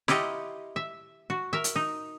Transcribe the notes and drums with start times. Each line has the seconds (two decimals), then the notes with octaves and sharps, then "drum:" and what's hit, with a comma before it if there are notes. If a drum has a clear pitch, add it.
0.08 E4 F4 G4 D#5 F#5 A#5, drum: snare
0.76 E5
1.30 F#4
1.53 A#4 E5
1.64 drum: hi-hat
1.76 D#4